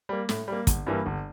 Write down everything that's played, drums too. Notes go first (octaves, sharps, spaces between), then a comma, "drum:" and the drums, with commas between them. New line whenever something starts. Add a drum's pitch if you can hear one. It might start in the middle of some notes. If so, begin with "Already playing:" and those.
G3 A#3
A2, drum: snare
G3 A#3
G1, drum: kick, hi-hat
G2 E3 G3 A#3
G1